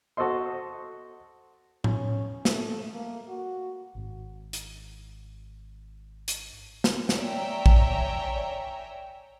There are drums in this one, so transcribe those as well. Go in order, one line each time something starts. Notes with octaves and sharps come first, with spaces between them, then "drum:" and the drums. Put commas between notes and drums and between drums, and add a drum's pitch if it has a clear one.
F#4 A4 C5 D#5 C6
C#4, drum: tom A2
A3, drum: snare
A#3
F#4
G#1 G#2
drum: hi-hat
drum: hi-hat
drum: snare
C#5 D5 E5 G5 G#5 A#5, drum: snare
drum: kick